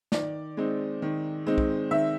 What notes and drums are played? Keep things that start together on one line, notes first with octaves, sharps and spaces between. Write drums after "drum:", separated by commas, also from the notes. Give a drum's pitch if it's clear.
D#3 D5, drum: snare
G#3 C4 D#4
D#3
G#3 C4 D#4
drum: kick
D#3 E5